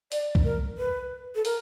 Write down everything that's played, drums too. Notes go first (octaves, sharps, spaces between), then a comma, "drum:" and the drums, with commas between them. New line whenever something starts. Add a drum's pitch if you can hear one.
D5, drum: open hi-hat
drum: kick C2
A#4
B4
A4
A#4, drum: open hi-hat